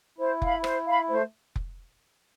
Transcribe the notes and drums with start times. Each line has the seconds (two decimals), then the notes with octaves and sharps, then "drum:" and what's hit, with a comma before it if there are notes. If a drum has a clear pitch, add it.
0.18 E4 C5
0.42 F5 B5, drum: kick F1
0.64 C5, drum: rim click
0.87 F5 B5
1.10 A3 C5
1.56 drum: kick F1